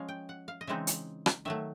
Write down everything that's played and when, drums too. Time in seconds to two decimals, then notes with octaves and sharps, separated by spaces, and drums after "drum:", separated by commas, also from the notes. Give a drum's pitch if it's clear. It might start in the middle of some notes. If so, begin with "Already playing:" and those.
Already playing: F3 G#3 C#4 F5
0.08 G5
0.29 F#5
0.48 F5
0.61 D#5
0.67 C#3 E3 G#3 C4 D#4 E5
0.87 drum: hi-hat
1.26 drum: rim click
1.45 D#3 F#3 A3 E5